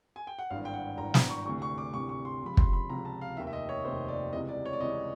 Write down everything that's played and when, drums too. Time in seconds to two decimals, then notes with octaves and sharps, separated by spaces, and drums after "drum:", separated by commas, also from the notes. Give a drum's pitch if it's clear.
0.16 G#5
0.27 G5
0.38 F#5
0.50 G#1 G2 E3 F5
0.65 G5
0.74 F#5
0.97 G#1 G2 E3 A#5
1.14 A#5, drum: snare
1.30 C#6
1.45 D2 C3 E3 C#6
1.62 C#6
1.78 D6
1.94 D2 C3 E3 C#6
2.09 C#6
2.25 C6
2.41 C#2 C3 F3 B5
2.57 C6, drum: kick
2.73 B5
2.89 C#2 C3 F3 A#5
3.05 A5
3.21 F5
3.37 F1 D#2 D#3 E5
3.47 E5
3.53 D#5
3.69 C#5
3.85 F1 D#2 D#3 C5
4.08 D5
4.33 C#2 C3 E3 D#5
4.48 D5
4.66 C#5
4.73 D5
4.80 C#2 C3 E3 D#5